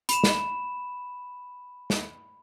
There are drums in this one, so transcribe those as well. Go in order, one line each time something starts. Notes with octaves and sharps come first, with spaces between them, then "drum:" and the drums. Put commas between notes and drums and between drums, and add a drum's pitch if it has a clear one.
B5 E7, drum: hi-hat
drum: snare
drum: snare